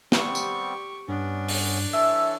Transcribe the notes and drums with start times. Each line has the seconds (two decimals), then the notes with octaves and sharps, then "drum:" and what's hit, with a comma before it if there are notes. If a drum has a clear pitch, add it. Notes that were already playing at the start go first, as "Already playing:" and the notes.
0.12 G3 B3 C4 G4 C#6, drum: snare
0.35 drum: tambourine
1.08 G2 B3 C#4 D4
1.49 drum: open hi-hat
1.93 E3 A4 C#5 E5 E6